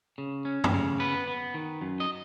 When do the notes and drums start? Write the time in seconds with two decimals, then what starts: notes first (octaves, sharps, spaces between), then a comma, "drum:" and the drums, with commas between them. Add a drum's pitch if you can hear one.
0.18 C#3
0.45 C#4
0.64 drum: tom F#2
0.74 C#3
1.00 B3 B4
1.28 B3
1.54 D#3
1.81 F#2
2.00 D#5